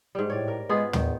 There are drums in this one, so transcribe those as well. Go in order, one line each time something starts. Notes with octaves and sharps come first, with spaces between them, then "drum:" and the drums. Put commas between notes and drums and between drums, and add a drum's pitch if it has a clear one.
G#2 G3
A2 C#5 D5
A#4
G#3 B3 F4 G#4
E2 D#3, drum: tom